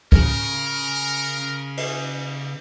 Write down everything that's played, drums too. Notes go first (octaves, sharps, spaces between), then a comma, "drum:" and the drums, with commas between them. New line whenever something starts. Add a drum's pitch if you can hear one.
C#3 A#4, drum: kick
drum: cymbal